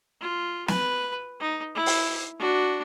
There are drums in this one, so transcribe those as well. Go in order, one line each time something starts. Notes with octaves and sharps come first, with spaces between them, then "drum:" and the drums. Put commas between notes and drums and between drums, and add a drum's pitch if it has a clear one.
F4
B4, drum: snare
D#4
E4
drum: open hi-hat
D4 F#4